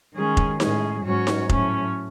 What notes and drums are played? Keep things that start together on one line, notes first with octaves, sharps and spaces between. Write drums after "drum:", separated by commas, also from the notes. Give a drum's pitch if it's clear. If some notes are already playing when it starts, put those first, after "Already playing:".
D#3 G#3 C#4 G#4
drum: kick F1
A2 G#3 C#4 G#4, drum: snare D#4
G#2 F#3 C#4 F#4 C#5
drum: snare D#4
A2 F#3 A3 C#4, drum: kick F1